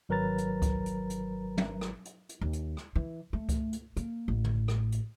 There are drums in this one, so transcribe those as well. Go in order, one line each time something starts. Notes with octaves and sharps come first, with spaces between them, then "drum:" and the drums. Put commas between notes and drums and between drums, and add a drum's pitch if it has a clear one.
G#1 F#3 A#4 B4 A#5 A6
drum: hi-hat
drum: kick C#2, hi-hat
drum: hi-hat
drum: hi-hat
drum: tom
drum: rim click
drum: hi-hat
drum: hi-hat
D#2
drum: hi-hat
drum: rim click
E3
A3
drum: kick C#2, hi-hat
drum: hi-hat
A#3, drum: hi-hat
A1
drum: tom
drum: rim click
drum: hi-hat